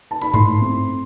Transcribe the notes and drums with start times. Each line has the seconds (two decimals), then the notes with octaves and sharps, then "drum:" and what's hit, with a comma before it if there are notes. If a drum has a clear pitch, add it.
0.11 A5
0.22 B5, drum: hi-hat
0.34 A2 C6, drum: tom G2
0.61 C4